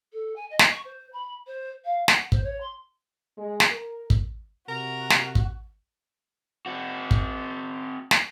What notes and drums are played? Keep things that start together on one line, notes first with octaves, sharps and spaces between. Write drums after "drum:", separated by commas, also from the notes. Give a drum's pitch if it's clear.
A4
G#5
D#5
drum: snare
C#6
C5
B5
C5
F5
F#5, drum: snare
C5, drum: kick
C#5
C6
G#3
drum: snare
A#4
drum: kick
C3 F#4 A#4
drum: snare
drum: kick
C4 F#4
drum: kick
drum: snare